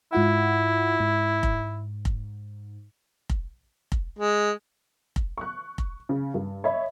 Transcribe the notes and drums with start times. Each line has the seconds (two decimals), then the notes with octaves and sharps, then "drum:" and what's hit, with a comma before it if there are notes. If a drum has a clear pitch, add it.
0.13 G#2 E4 F4 F#5
1.00 G#2
1.43 drum: kick F1
2.05 drum: kick F1
3.29 drum: kick F1
3.92 drum: kick F1
4.19 G#3
5.16 drum: kick F1
5.38 C#6 F#6
5.78 drum: kick F1
6.09 C#3
6.34 G2
6.64 C#5 D#5 E5 B5